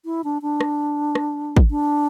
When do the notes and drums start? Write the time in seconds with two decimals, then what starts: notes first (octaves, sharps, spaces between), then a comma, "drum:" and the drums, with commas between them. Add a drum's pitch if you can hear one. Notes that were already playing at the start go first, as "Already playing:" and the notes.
0.05 E4
0.24 D4
0.42 D4
0.61 drum: rim click
1.15 drum: rim click
1.57 drum: kick
1.70 D4